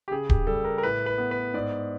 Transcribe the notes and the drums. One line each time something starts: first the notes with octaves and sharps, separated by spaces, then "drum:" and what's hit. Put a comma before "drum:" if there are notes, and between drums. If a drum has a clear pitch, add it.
G4
C#3 G#4
G4, drum: kick D1
G3 A4
A#4
A#4
A2 B4
B4
B3
B4
G#2 D5